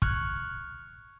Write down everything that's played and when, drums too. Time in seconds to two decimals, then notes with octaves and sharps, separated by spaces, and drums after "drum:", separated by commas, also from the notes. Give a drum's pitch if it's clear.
0.02 C#6 F6 F#6 G#6, drum: kick